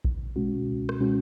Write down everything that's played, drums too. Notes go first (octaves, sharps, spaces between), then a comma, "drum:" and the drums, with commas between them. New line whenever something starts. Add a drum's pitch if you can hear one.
C#2, drum: kick A#1
B2 G#3 C#4 F#4
C#2
drum: rim click
B2 G#3 C#4 F#4